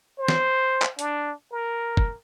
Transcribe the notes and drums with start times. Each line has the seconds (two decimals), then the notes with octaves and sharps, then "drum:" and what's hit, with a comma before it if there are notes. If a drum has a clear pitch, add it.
0.19 C5
0.28 drum: snare
0.82 drum: clap
0.99 D4, drum: hi-hat
1.52 A#4
1.97 drum: kick F#1